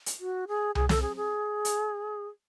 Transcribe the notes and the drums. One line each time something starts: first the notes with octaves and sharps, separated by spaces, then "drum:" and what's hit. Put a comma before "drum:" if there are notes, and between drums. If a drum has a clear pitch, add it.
drum: hi-hat
F#4
G#4
G#4, drum: tom C2
A4, drum: snare
G#4
G#4
drum: hi-hat